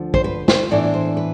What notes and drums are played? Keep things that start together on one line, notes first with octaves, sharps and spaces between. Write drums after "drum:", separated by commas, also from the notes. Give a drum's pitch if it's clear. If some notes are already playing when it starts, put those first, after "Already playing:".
Already playing: D2 D3 F3
C5, drum: kick
B4
C5, drum: snare
A2 E3 B3 D4 D5
C5
B4